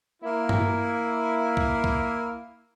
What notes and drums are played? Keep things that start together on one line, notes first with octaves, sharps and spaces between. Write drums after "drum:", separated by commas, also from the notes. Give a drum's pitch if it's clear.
A#3 E4
drum: tom G2
drum: kick
drum: kick